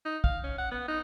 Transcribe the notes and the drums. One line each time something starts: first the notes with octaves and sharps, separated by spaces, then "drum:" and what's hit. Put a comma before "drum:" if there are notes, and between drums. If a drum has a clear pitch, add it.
D#4
F5, drum: kick
C#4
F#5
B3
D#4